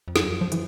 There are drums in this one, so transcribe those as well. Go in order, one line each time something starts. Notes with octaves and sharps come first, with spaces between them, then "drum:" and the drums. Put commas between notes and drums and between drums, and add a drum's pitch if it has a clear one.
F2
F#2 F3, drum: snare
F3
E3, drum: hi-hat